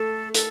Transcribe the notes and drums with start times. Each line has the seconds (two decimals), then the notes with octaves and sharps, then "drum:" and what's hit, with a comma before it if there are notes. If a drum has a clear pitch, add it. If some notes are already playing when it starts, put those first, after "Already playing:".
Already playing: A3 A4
0.34 A4, drum: hi-hat